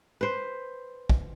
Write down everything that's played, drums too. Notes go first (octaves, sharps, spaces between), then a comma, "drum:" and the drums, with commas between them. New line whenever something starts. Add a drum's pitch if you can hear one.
B4 C5
drum: kick